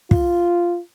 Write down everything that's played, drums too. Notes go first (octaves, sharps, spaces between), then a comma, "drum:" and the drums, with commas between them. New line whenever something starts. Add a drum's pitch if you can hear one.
F4, drum: kick